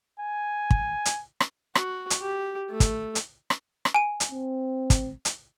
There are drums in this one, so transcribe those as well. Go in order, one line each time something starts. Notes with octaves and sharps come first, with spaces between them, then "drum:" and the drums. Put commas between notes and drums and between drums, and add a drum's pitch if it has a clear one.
G#5
drum: kick
drum: hi-hat
drum: rim click
F#4, drum: rim click
drum: hi-hat
G4
A3
drum: kick, hi-hat
drum: hi-hat
drum: rim click
drum: rim click
G#5 D#7
drum: hi-hat
C4
drum: kick, hi-hat
drum: hi-hat